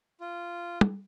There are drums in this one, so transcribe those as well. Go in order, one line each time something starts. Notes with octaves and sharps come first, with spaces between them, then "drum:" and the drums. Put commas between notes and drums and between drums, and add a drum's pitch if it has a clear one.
F4
drum: tom